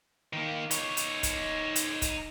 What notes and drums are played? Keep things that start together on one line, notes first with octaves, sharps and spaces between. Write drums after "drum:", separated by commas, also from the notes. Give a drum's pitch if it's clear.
D#3 A#3
D#4 C#5, drum: hi-hat
drum: hi-hat
drum: kick, hi-hat
drum: hi-hat
drum: kick, hi-hat